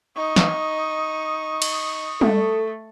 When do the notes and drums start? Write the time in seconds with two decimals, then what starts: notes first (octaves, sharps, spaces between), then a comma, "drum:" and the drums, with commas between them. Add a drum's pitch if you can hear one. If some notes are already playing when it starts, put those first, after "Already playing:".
0.16 D#4 C#6 D#6
0.36 drum: snare
1.62 drum: cymbal
2.21 A3 A4, drum: tom G3